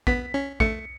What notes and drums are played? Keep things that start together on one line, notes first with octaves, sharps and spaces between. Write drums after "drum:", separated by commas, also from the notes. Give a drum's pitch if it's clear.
B3 B6, drum: kick A1
C#4
A3 C#7, drum: kick A1